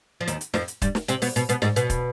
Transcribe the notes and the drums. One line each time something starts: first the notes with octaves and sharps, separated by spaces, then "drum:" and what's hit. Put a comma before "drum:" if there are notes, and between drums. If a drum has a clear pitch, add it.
F3
D#2 D#3, drum: hi-hat
drum: hi-hat
F2 F3, drum: snare
drum: hi-hat
G2 G3, drum: kick, hi-hat
drum: snare
C3 C4, drum: hi-hat
B2 B3, drum: open hi-hat
B2 B3, drum: hi-hat
B2 B3, drum: hi-hat
G#2 G#3, drum: snare
B2 B3, drum: hi-hat
drum: kick, hi-hat